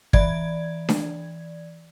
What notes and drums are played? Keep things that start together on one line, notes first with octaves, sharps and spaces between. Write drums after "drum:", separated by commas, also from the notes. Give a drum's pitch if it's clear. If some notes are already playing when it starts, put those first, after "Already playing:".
E3 D5 G#6, drum: kick
drum: snare D4